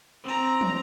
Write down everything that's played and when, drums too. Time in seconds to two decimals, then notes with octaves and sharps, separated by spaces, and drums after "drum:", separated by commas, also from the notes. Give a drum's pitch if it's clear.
0.24 C4 A#5
0.61 drum: tom